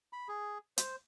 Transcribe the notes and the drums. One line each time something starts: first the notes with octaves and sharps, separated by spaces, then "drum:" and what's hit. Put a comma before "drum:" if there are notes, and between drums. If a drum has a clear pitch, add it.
B5
G#4
C5, drum: hi-hat